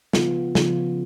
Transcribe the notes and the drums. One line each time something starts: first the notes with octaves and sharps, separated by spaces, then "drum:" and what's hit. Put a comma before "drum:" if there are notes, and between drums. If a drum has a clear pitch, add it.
C#3 F3 B3 F4, drum: snare
C#3 F3 B3 F4, drum: snare